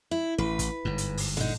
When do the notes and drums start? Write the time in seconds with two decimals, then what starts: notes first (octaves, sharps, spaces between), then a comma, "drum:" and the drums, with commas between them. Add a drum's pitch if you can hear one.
0.11 E4
0.38 A1 B4
0.59 drum: kick, hi-hat
0.85 G1 G#2
0.98 drum: hi-hat
1.17 drum: open hi-hat
1.37 D3 D#4, drum: tom